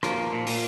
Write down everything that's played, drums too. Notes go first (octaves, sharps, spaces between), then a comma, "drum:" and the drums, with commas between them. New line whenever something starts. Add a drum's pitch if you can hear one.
F3 A#3, drum: rim click
F3
A#2
A#2, drum: open hi-hat